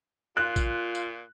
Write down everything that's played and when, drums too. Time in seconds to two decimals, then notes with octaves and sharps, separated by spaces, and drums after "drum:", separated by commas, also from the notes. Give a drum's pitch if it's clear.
0.37 A#2 F4 F#6
0.56 drum: kick A1, tambourine
0.95 drum: tambourine